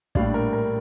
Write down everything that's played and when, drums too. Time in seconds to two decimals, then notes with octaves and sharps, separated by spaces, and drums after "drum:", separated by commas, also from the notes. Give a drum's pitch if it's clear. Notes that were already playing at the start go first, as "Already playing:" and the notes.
0.15 A#1 A2 G3 D4 F5, drum: kick
0.34 A#4
0.53 A#4